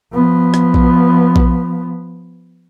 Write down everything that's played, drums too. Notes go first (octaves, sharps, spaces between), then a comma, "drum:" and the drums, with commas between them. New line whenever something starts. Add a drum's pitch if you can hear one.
F3 B3
drum: rim click
drum: kick A#1
drum: kick A#1